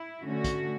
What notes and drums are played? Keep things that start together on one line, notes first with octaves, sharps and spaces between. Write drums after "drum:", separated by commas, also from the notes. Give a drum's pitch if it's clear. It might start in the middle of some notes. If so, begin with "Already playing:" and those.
Already playing: E4
D3 A3 C#4 F#4
drum: kick, hi-hat